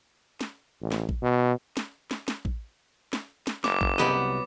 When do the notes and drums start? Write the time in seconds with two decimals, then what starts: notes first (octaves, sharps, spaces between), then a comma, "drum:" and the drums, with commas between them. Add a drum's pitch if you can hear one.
0.41 drum: snare
0.81 A1
0.92 drum: snare
1.09 drum: kick A1
1.22 B2
1.77 drum: snare
2.11 drum: snare
2.28 drum: snare
2.45 drum: kick A1
3.13 drum: snare
3.47 drum: snare
3.64 F#1 D6, drum: snare
3.81 drum: kick A1
3.98 C2 F#3 B3 G4 D5 D#5